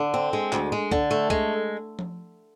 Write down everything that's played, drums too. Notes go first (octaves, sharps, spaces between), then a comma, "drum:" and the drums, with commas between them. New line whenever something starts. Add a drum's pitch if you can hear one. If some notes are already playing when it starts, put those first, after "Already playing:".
Already playing: D3
C4
G#3
D2, drum: clap
G#3
D3, drum: kick C2
A3
G#3, drum: kick C2
drum: tom F3